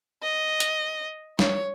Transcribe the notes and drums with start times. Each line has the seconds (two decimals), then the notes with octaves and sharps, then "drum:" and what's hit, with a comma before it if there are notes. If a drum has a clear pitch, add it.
0.22 D#5
0.60 drum: hi-hat
1.39 C#5, drum: snare